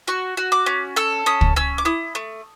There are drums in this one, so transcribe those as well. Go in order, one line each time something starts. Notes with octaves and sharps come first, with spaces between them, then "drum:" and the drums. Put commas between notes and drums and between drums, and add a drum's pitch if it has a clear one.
F#4 C#6
F#4
D6
C#4
A4 E6
C#4 D#6
drum: kick
C#4 E6
D6
E4 D#6
A3